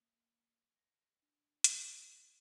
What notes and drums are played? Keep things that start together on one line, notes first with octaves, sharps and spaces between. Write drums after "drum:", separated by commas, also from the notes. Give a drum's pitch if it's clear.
A#3
A#6
D4
drum: hi-hat